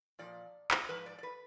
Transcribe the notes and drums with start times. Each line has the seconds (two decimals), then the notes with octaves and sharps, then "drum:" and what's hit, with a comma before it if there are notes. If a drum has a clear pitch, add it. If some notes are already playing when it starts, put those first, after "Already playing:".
0.19 A#2 F3 D5
0.71 drum: clap
0.89 G#2 F3 B4
1.06 D5
1.18 D5
1.23 B4